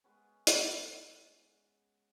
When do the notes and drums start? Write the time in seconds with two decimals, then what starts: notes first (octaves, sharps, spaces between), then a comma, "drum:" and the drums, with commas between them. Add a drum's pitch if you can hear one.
0.04 G#3 B3 C#4
0.47 drum: hi-hat